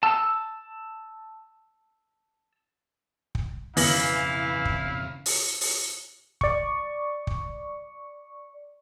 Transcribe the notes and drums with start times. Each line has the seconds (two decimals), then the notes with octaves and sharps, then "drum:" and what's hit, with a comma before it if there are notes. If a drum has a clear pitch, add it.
0.03 A5 E6
3.35 drum: kick
3.77 F2 C#3 E3 E4 F5 A#6 F#7, drum: open hi-hat
4.65 drum: kick
5.26 drum: open hi-hat
5.61 drum: open hi-hat
6.41 D5 C#6, drum: kick
7.27 drum: kick